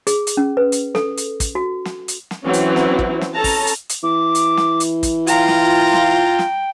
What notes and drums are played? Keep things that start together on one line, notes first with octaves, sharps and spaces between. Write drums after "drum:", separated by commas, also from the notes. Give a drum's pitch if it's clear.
G#4, drum: hi-hat
drum: hi-hat
C#4
B4
drum: hi-hat
A4, drum: snare
drum: hi-hat
drum: kick, hi-hat
F#4
drum: snare
drum: hi-hat
drum: snare
E3 F#3 C4 C#4 E4
drum: hi-hat
drum: snare
drum: kick
drum: snare
C#4 A4 A5 A#5
drum: kick, open hi-hat
drum: hi-hat
drum: hi-hat
E3 D6
drum: hi-hat
drum: snare
drum: hi-hat
drum: kick, hi-hat
F4 G5 A#5, drum: hi-hat
drum: snare
drum: snare
drum: snare